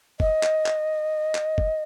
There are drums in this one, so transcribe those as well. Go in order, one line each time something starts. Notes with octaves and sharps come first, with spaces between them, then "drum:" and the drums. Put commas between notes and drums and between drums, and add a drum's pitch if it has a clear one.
D#5, drum: kick
drum: clap
drum: clap
drum: clap
drum: kick